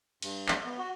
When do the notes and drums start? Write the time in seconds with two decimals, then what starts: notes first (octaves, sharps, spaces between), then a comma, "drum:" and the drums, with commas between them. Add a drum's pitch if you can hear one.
0.22 G2, drum: cymbal
0.48 drum: clap
0.64 B3
0.78 F#4